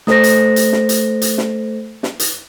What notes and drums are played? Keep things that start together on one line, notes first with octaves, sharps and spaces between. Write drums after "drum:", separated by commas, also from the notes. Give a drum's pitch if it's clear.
A3 A4 C5 A#6, drum: snare
drum: hi-hat
drum: hi-hat
drum: snare
drum: hi-hat
drum: hi-hat
drum: snare
drum: snare
drum: hi-hat